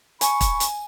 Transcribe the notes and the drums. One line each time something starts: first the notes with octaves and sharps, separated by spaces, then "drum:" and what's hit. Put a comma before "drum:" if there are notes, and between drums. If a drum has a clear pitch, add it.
G#5 B5 C#6, drum: hi-hat
drum: kick, hi-hat
drum: hi-hat